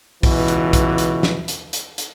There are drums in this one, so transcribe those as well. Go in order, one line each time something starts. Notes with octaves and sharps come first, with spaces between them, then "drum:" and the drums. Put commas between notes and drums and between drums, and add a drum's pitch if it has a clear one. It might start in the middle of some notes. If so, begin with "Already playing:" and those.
C#2 B2 E3, drum: kick B1, open hi-hat
drum: hi-hat
drum: kick B1, hi-hat
drum: hi-hat
drum: snare
drum: hi-hat
drum: hi-hat
drum: hi-hat